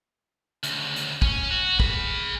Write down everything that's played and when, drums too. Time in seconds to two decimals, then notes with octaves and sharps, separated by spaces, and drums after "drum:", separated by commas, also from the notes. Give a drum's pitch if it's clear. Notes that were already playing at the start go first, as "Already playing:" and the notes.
0.63 D2 C#3, drum: hi-hat
0.96 drum: hi-hat
1.22 C#4, drum: kick
1.50 F#4
1.80 G#4 B5, drum: kick